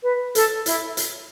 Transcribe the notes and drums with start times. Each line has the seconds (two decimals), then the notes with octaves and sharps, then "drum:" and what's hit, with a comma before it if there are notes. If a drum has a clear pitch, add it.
0.03 B4
0.35 A4, drum: hi-hat
0.66 E4, drum: hi-hat
0.97 drum: hi-hat